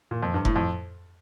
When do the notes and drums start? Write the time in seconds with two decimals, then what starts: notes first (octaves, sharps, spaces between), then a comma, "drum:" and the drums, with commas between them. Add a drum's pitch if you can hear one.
0.11 A#2
0.23 F2
0.34 G2
0.45 A2, drum: kick F1
0.56 F2